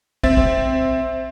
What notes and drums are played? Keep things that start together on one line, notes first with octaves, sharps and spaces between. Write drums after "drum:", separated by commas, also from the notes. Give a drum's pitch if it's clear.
C4 E5 A6, drum: kick
drum: kick